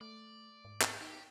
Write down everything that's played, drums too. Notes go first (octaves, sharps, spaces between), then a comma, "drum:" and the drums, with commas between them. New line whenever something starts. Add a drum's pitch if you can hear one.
A3 D5
G#2
drum: clap
D#4 G4